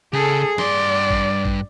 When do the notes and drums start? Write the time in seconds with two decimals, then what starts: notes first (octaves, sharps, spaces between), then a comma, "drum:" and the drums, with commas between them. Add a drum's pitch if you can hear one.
0.13 C#3 G#4 A4
0.58 G2 D5 C6, drum: snare
1.11 drum: kick A1
1.45 drum: kick A1